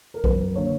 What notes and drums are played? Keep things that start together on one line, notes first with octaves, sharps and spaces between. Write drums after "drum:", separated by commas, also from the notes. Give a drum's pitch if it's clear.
A#4
F#2 B4, drum: kick
D3 A#3 C#5